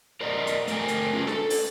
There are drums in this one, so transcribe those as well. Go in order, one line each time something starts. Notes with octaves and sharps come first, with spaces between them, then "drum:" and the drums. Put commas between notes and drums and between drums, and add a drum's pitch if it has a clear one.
A#4 C5 D5 D#5 F#5 A#5
drum: hi-hat
A3 A#4 F5 G5 G#5, drum: hi-hat
drum: hi-hat
C#4 F4 G#4 B4 G#5
A4, drum: snare
drum: open hi-hat